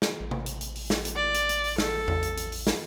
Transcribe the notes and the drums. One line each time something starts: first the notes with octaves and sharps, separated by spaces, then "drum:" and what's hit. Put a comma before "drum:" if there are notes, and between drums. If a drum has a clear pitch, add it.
drum: snare
A1
drum: tom C3
drum: hi-hat
drum: hi-hat
drum: open hi-hat
drum: snare
drum: hi-hat
D5
drum: hi-hat
drum: hi-hat
drum: open hi-hat
A4, drum: snare
drum: tom E2
drum: hi-hat
drum: hi-hat
drum: open hi-hat
drum: snare